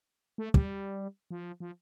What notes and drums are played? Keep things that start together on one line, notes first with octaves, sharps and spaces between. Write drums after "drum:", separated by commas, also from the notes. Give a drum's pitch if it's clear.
A3
G3, drum: kick
F3
F3